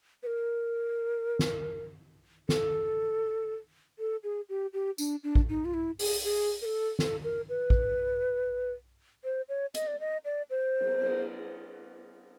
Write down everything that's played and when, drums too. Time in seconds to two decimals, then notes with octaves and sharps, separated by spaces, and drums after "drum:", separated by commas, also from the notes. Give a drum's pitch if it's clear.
0.23 B4
0.27 A#4
1.39 drum: snare
2.49 A4, drum: snare
3.99 A4
4.24 G#4
4.49 G4
4.73 G4
4.98 D4, drum: tambourine
5.24 D4
5.35 drum: kick
5.49 D#4
5.65 F4
5.74 E4
5.99 G#4, drum: open hi-hat
6.24 G#4
6.62 A#4
6.65 A4
6.99 A4, drum: snare
7.24 A#4
7.49 B4
7.70 drum: kick
9.24 C5
9.49 C#5
9.75 D#5, drum: hi-hat
9.87 D5
10.00 D#5
10.25 D5
10.50 C5
10.80 drum: cymbal
11.01 drum: cymbal